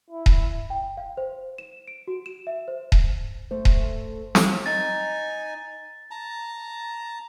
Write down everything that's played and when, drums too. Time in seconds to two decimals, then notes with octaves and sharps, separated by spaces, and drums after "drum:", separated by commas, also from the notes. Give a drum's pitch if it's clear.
0.10 E4
0.26 drum: kick D#1
0.70 G5
0.97 F5
1.17 C5
1.58 E7
1.88 D7
2.07 F#4
2.26 E7
2.47 E5
2.68 C5
2.92 drum: kick D#1
3.51 A3 C5
3.65 drum: kick D#1
4.35 drum: snare
4.66 D#4 G#5 A6
6.11 A5 A#5